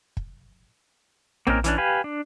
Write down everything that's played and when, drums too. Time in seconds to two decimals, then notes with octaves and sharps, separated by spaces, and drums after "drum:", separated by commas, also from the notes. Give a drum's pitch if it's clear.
0.17 drum: kick
1.47 A#3 C4 C#4 D#4 A#4, drum: tom A#1
1.64 E3 C#4 D4, drum: hi-hat
1.78 G4 B4 F5 G#5 B5
2.04 D4